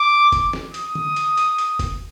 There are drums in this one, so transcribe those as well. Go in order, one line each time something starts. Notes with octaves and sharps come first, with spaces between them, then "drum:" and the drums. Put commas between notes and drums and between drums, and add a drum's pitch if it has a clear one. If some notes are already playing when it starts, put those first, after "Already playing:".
Already playing: D6
drum: kick, hi-hat
drum: snare
D#6, drum: hi-hat
drum: tom D3
drum: hi-hat
drum: hi-hat
drum: hi-hat
drum: kick, hi-hat